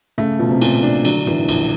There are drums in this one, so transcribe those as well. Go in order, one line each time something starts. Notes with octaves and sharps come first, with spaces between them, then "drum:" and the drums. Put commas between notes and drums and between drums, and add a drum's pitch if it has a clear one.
C#3 A3, drum: tom
B2 F3
C3
A#2 C#3, drum: cymbal
D4
D3 F#3, drum: cymbal
D3
A2 E3, drum: tom
D#3
A#1, drum: cymbal